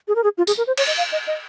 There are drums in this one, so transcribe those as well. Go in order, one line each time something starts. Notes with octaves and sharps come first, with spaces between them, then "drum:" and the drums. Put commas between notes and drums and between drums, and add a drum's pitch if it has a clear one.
G#4
A#4
G#4
F4
G#4, drum: tambourine
A#4
C5
C#5, drum: cymbal
D#5
F5
D#5
D#5